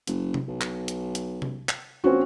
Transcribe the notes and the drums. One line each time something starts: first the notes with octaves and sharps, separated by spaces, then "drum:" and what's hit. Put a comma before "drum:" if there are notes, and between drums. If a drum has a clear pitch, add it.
F#1, drum: hi-hat
drum: tom C3
B1
drum: clap
drum: hi-hat
drum: hi-hat
drum: tom C3
drum: clap
A#1 C4 C#4 F#4